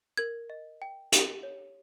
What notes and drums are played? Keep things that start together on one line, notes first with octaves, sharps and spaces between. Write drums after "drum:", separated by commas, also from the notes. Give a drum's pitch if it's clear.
A#4 G#6
D#5
G5
G4, drum: hi-hat
C#5